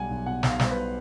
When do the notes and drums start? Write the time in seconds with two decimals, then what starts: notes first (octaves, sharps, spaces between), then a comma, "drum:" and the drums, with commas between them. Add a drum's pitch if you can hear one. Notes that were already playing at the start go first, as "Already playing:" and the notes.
Already playing: B1 B2 G3 F#5 G#5
0.10 B1
0.26 B2 F#5
0.43 B1, drum: snare
0.49 F5
0.59 G3 C5, drum: snare
0.71 B4